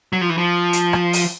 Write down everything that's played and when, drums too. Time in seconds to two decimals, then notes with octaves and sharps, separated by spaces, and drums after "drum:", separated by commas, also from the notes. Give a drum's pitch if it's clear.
0.13 F#3
0.21 F3
0.30 E3
0.38 F3
0.73 drum: hi-hat
0.93 drum: rim click
1.13 drum: open hi-hat